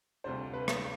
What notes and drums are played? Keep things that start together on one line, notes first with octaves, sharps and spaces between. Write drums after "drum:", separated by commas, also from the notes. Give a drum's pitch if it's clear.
D2 C3 G3 D4 F4 C5
B4
drum: rim click